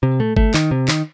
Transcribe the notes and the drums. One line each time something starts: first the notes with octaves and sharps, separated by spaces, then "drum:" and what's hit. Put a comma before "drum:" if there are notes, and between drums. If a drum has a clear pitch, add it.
C3
A3, drum: tom A2
A3, drum: kick G1
D#3, drum: clap
C3
D#3, drum: clap